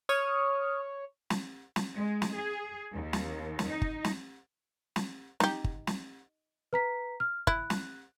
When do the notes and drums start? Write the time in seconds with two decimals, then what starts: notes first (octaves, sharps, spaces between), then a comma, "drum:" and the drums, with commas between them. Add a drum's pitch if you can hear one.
0.09 C#5 C#6 D#6 F6
1.30 drum: snare
1.76 drum: snare
1.95 G#3
2.22 drum: snare
2.37 G#4
2.95 D#2
3.13 drum: snare
3.59 drum: snare
3.68 D#4
3.82 drum: kick G1
4.04 drum: snare
4.96 drum: snare
5.40 D#4 G4, drum: snare
5.64 drum: kick G1
5.87 drum: snare
6.73 B4 A#5 B6
7.20 F6
7.47 E4 F#6, drum: kick G1
7.70 drum: snare